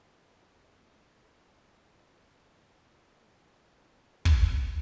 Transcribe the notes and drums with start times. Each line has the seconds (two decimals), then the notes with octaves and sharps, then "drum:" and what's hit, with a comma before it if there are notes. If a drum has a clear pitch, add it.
0.10 B3 C4 A#4
2.17 A#4 D#5
4.25 drum: kick